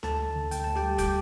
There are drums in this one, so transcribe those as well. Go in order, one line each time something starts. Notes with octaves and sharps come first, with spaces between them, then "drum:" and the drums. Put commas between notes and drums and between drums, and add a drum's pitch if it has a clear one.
D2 A4 A5, drum: snare
D2
D3
D2 G5, drum: hi-hat
D2 A5
G4 G5
G3
G4 G5, drum: kick, hi-hat